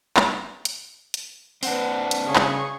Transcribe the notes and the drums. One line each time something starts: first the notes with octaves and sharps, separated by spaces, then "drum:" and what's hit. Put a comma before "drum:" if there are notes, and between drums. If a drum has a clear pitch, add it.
drum: clap
drum: hi-hat
drum: hi-hat
C4 D4 B4 F#5, drum: open hi-hat
drum: hi-hat
C#3 G#4 C#6
drum: clap